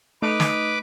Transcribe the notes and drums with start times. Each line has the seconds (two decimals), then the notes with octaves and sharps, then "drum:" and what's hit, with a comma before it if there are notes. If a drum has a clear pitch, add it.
0.22 A3 D#4 B4 D6
0.40 drum: snare